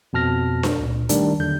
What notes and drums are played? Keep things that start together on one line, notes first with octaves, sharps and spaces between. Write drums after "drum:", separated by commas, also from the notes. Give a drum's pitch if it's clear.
F2 B2 A5 F6 A#6
drum: snare D4
C#2 A#2
D#3 G3 A3 D4, drum: hi-hat
E2 D3 F#3 G6